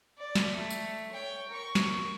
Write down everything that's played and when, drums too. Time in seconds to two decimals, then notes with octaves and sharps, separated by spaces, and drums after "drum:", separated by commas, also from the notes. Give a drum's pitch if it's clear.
0.18 D5
0.35 drum: snare
0.52 A3
0.70 drum: tambourine
1.12 C#5 G5
1.49 A#4 C#6
1.75 drum: snare